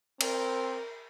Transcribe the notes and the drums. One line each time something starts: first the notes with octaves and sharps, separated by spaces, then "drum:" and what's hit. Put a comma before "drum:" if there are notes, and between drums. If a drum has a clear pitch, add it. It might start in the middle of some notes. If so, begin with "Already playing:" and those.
C4 A#4, drum: cymbal